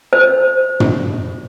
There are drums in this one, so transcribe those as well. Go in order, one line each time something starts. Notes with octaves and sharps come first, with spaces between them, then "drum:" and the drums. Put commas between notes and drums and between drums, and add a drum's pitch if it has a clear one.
C5
drum: tom